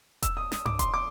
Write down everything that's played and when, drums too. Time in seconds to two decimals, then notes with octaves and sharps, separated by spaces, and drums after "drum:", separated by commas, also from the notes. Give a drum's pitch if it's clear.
0.23 E6, drum: kick E1, hi-hat
0.37 D#6
0.52 D#6, drum: snare
0.66 D6, drum: tom G2
0.79 C6, drum: kick E1, hi-hat
0.94 D6